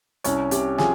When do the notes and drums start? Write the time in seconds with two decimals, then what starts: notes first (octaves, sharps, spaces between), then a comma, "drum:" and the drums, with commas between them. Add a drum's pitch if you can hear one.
0.24 C2 C#4 C#5, drum: hi-hat
0.51 C3 G4 G5, drum: hi-hat
0.78 F3 G#4 G#5, drum: snare